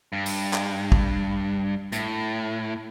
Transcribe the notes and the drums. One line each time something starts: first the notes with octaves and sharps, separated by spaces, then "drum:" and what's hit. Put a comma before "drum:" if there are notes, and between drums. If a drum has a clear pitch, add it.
G2
drum: open hi-hat
drum: clap
drum: kick
A2, drum: hi-hat